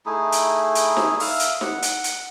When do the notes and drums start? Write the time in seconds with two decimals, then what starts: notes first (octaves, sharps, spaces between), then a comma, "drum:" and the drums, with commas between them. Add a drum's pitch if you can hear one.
0.06 A3 D#4 E4 G#4
0.32 drum: hi-hat
0.75 drum: hi-hat
0.97 drum: snare D#4
1.20 E5 F5 D#6, drum: open hi-hat
1.40 drum: hi-hat
1.61 F#5, drum: snare D#4
1.82 drum: hi-hat
2.04 drum: hi-hat